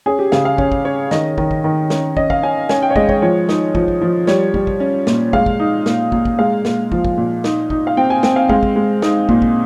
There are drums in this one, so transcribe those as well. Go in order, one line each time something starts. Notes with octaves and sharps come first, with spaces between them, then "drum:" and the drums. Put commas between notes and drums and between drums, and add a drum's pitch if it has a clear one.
C#4 G#4
G4
C#3 F5, drum: snare
F5
C#4, drum: kick
drum: kick
C#4 C#5
D#3 D#5, drum: snare
D#3, drum: kick
drum: kick
D#3
C#4, drum: snare
C#4 D#5, drum: kick
F5, drum: kick
C#4 G#5
C#4 G#5, drum: snare
G5
C#5
G#3 D#5, drum: kick
C#5, drum: kick
F3 C#5
D#4, drum: snare
F3, drum: kick
drum: kick
F3
G3 C#5, drum: snare
G3, drum: kick
drum: kick
C#4
A#2, drum: snare
G#3 F5, drum: kick
drum: kick
D#4
A#2, drum: snare
A#2, drum: kick
drum: kick
G#3 F5
A#2, drum: snare
F3, drum: kick
drum: kick
A#2
D#4, drum: snare
D#4, drum: kick
F5
C4 G5
G#5
C4 G5, drum: snare
F5
G#3 F5, drum: kick
drum: kick
G#3
D#4, drum: snare
A#2, drum: kick
drum: kick